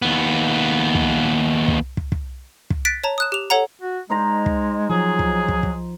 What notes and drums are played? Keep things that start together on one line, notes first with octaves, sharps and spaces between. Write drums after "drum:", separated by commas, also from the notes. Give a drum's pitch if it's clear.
D#2 B3
drum: kick
drum: kick
drum: kick
drum: kick
drum: kick
F#6 A6 B6 D7
C#5 A5 A#5
D#6 F#6 E7
G4 F7
A4 C#5 F#5 A#5
F#4
G#3 D#4 C5 A#5
drum: kick
F3 F#3 G#4
drum: kick
drum: kick
drum: kick